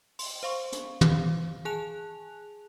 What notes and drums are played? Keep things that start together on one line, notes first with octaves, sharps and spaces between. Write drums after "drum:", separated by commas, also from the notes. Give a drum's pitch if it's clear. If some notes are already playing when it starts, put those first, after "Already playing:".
C6, drum: open hi-hat
C5 F5 C6 C#6
drum: hi-hat
drum: tom
F5
G#4 G#5 A5 F#6 F7